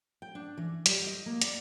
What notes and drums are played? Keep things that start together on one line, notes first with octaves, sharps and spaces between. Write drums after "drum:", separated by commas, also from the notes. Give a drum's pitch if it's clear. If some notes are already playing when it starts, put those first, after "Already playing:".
G5
D4
E3
G3, drum: hi-hat
D#5
A#3
D5, drum: hi-hat